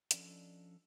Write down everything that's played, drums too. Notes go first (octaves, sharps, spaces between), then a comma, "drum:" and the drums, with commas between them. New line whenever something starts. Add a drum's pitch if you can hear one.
F3 C#4 D4 A4 D5 D#5, drum: hi-hat